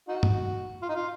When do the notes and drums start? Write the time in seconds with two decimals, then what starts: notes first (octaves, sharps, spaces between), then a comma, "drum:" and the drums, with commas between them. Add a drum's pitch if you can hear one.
0.08 D#4 F#4
0.23 drum: tom
0.82 F4
0.89 D#4
0.95 F4